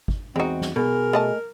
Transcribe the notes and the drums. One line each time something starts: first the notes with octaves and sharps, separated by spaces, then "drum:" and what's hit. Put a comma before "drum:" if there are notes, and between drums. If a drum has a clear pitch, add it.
drum: kick
E2 G#3 C4 D#4 F#4
drum: snare
B2 G#4 A#4
A3 D#5 A5